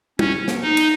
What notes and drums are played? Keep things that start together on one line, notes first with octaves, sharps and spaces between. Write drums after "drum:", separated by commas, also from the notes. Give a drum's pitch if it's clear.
C#4, drum: tom
drum: snare
D#4
drum: cymbal